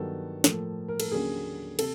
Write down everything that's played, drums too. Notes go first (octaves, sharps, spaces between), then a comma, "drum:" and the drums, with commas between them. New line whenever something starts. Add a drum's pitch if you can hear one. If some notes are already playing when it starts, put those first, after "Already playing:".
Already playing: G2 D#3 F#3 B3 A4
A2 F3 A#3 A4, drum: snare
A#4
A4, drum: cymbal
D#2 D3 F#3 A#3 C#4 G#4
C3 A4, drum: cymbal